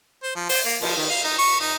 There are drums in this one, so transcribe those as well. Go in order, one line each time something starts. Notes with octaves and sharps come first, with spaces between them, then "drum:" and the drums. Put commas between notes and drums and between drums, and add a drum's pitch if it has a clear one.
C5
F3
C5, drum: open hi-hat
A#3
F3, drum: cymbal
D#3
F5
D#4
C#6
D#4